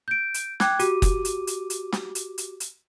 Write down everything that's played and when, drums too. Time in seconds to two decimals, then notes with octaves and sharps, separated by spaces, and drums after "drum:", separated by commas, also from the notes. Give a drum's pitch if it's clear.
0.08 G6 D7
0.34 drum: hi-hat
0.60 G5 D6 F#6 G#6, drum: snare
0.79 F#4 G4 D6 D#7, drum: hi-hat
1.02 drum: kick, hi-hat
1.25 drum: hi-hat
1.47 drum: hi-hat
1.70 drum: hi-hat
1.92 drum: snare
2.15 drum: hi-hat
2.38 drum: hi-hat
2.60 drum: hi-hat